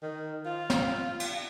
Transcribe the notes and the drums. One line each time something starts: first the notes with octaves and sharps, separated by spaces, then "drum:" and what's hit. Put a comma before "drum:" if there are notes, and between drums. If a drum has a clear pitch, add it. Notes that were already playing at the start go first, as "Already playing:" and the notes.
D#3
F4
drum: snare
drum: cymbal